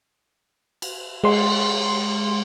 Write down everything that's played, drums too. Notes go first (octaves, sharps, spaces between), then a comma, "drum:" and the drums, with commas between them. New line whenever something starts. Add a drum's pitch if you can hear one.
drum: cymbal
G#3 C6, drum: cymbal